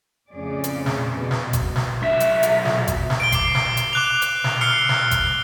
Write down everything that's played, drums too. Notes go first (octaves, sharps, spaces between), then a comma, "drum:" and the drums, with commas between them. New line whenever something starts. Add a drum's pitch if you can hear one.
F2 A2 C#3 C#4 G#4 D5
drum: hi-hat
drum: snare
B2
drum: snare
drum: kick G#1, hi-hat
drum: snare
B1 E5
drum: hi-hat
drum: hi-hat
drum: snare
drum: kick G#1, hi-hat
drum: snare
D7 G7
D6 C7, drum: kick G#1, hi-hat
drum: snare
drum: hi-hat
D6 F#6 F7
drum: hi-hat
drum: snare
E6 F6 C7 C#7 G7
drum: snare
drum: kick G#1, hi-hat